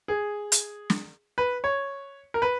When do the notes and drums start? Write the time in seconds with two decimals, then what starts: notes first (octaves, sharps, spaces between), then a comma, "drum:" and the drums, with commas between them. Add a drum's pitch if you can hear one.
0.08 G#4
0.52 drum: hi-hat
0.90 drum: snare
1.38 B4
1.64 C#5
2.34 A#4
2.42 B4